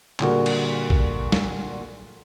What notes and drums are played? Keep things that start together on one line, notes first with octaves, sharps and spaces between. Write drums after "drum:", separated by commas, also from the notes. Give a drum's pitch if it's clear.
A#2 D3 G3 F#4 G#4 A#4, drum: clap
drum: cymbal
drum: kick
drum: snare